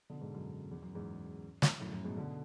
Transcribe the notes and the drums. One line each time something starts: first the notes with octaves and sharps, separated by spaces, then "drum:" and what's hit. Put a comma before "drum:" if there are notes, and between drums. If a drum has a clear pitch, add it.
B2 D3
G#2 B2
F#2
E2
F#2
E2 G#2
drum: snare
F#2 A2
F#2 A2
G#2 B2
B2 D3